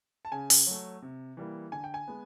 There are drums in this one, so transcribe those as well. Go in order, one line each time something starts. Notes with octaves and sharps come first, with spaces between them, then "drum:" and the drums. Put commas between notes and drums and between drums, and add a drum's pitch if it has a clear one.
A5
C#3 G#5
drum: open hi-hat
F#3 A3
C3
E3 G3 A#3
D3 G#5
G5
G#5
G#3 B3